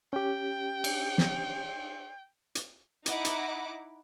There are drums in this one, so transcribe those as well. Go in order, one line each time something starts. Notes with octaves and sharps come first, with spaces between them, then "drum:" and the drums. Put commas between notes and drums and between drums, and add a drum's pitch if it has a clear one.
C#4 G4 G5
drum: cymbal
drum: snare
drum: hi-hat
D#4 E4 F#5 D6, drum: hi-hat
drum: hi-hat